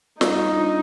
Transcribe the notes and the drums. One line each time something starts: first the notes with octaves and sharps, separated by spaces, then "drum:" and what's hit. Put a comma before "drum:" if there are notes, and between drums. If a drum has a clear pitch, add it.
G3 D#4, drum: snare
F4
D4